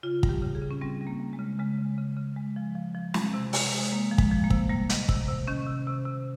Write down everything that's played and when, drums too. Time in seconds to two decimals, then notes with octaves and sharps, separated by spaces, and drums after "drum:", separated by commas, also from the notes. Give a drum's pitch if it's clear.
0.03 C#3 F4
0.23 G3, drum: kick
0.29 G4
0.42 C#3
0.55 G#4
0.62 C#3
0.71 C#4
0.81 G3 C4
1.01 G3
1.07 A#3
1.20 G3
1.33 G#3
1.39 C#3
1.59 C#3 G#3
1.79 C#3
1.98 C#3
2.17 C#3
2.36 G#3
2.56 F3
2.75 F3
2.95 F3
3.14 G#3, drum: snare
3.34 C3
3.53 C3, drum: open hi-hat
3.72 G#3
3.91 G#3 A#3
4.11 F3
4.18 G#3, drum: kick
4.31 F3
4.44 A#3
4.50 C3, drum: kick
4.69 G3 A#3
4.89 D#3, drum: hi-hat
5.09 C3, drum: kick
5.29 C3
5.48 D#3 C#4
5.67 C3
5.87 C3
6.05 C3